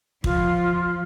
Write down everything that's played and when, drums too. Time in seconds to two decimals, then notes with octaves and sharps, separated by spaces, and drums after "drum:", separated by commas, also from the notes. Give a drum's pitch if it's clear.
0.24 F3 F4, drum: kick